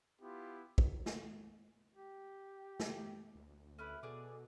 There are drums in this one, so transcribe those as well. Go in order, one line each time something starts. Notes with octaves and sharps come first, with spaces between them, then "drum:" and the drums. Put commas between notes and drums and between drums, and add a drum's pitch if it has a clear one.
B3 E4 F4 G4
drum: kick
drum: snare
G4
drum: snare
D2
C#4 E4 A4 B4
B2 D4 G#4 A4 D5